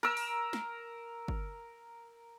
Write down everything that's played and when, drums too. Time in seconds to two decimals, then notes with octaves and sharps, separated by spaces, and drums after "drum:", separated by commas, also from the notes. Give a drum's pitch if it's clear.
0.03 A#4 E6
0.17 drum: open hi-hat
0.53 drum: snare
1.28 drum: kick G1